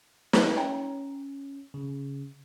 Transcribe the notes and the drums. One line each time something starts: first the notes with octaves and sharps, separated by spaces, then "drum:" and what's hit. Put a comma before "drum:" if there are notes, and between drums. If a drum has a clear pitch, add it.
drum: snare
C#4 C#5 G5 A#5
C#3